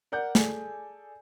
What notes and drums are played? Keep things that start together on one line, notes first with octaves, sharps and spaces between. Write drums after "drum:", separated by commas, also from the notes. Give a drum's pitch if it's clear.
A#4 D5 F#5 G6
G#4 A4 D5 G#5, drum: snare